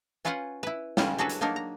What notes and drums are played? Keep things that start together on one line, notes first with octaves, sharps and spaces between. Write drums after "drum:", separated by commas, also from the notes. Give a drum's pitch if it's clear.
C#4 F4 B4 F5 F#5 G#5
E4 B4
C#3 G3 C#4 F4, drum: snare
F#3 D4 F#4 G#4 A4 B4
drum: hi-hat
F#3 A#3 D4 D#4 A#4
A#5